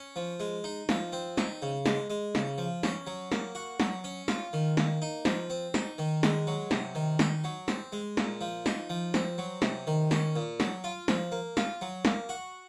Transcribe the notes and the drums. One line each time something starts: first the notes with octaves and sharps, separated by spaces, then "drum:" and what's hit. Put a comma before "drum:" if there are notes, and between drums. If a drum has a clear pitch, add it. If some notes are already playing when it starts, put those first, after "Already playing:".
Already playing: C#4
F3
G#3
D#4
F3, drum: snare
C4
D#4, drum: snare
C#3
G#3, drum: snare
G#3
C#3, drum: snare
F3
C#4, drum: snare
F#3
A#3, drum: snare
F#4
F#3, drum: snare
C#4
F4, drum: snare
D#3
A#3, drum: snare
D#4
F3, drum: snare
C4
D#4, drum: snare
D#3
G#3, drum: snare
F#3
C3, drum: snare
D#3
D#4, drum: snare
F#3
C4, drum: snare
G#3
A#2, drum: snare
F3
D#4, drum: snare
F3
C4, drum: snare
F#3
C3, drum: snare
D#3
C#4, drum: snare
A#2
F#3, drum: snare
F4
F3, drum: snare
A#3
F4, drum: snare
F#3
A#3, drum: snare
F#4